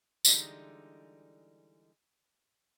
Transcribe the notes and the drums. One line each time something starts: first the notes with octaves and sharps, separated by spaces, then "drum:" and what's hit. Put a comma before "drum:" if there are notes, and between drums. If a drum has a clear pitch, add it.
D3 E3 G3 G#3 D#4, drum: tambourine